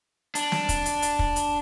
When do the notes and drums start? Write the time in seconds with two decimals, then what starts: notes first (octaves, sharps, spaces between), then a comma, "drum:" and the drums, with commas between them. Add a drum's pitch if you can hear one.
0.35 D4, drum: hi-hat
0.52 drum: snare
0.69 drum: kick, hi-hat
0.86 drum: hi-hat
1.02 drum: hi-hat
1.19 drum: kick
1.36 drum: hi-hat